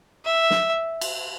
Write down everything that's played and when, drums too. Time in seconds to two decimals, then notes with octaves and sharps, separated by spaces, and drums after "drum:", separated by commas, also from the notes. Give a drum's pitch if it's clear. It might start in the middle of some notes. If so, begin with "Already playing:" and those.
0.25 E5
0.51 drum: snare
1.01 drum: cymbal